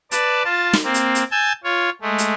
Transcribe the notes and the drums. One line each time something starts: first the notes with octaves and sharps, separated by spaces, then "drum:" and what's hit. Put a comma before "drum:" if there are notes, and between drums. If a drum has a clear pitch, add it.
B4 D5 A5, drum: hi-hat
F4 A5
drum: snare
A#3 C4
drum: hi-hat
drum: hi-hat
G#5 A5 E6 G6
F4 C#5
G#3 A3
drum: hi-hat